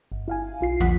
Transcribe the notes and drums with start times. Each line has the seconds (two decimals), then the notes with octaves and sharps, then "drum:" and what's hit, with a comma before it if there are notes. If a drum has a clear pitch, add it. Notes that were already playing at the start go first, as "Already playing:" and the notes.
0.12 G1
0.28 E4 F5 G#5
0.61 B1 F4 C7
0.80 A#1 F3 F#5 B6 C7, drum: tom